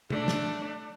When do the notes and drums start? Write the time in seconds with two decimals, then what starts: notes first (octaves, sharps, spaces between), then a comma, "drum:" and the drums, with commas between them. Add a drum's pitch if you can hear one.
0.10 A3 D4, drum: tom C3
0.28 drum: snare